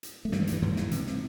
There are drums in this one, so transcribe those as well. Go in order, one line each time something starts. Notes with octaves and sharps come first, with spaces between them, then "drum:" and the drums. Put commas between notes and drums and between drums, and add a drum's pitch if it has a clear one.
drum: hi-hat
A3
G2 E3 G3, drum: snare
D#3 F#3
G2, drum: hi-hat
E3
G2 D#3 F#3
G2 E3, drum: snare
C3, drum: hi-hat
drum: snare